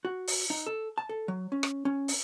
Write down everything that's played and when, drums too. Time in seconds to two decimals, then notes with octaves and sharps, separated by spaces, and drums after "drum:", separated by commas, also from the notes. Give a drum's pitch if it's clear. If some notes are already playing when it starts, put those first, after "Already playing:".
0.05 F#4
0.27 drum: open hi-hat
0.50 D#4
0.66 A4
0.98 A5
1.09 A4
1.28 F#3
1.52 C#4
1.63 drum: rim click
1.85 C#4
2.08 drum: open hi-hat